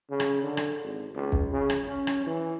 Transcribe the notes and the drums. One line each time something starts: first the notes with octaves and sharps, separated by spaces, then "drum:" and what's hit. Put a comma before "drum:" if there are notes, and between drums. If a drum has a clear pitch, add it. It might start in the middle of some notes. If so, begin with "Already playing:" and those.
C#3
drum: rim click
D3
drum: rim click
G#1
C#2
drum: kick
C#3
drum: rim click
C#4
drum: rim click
E3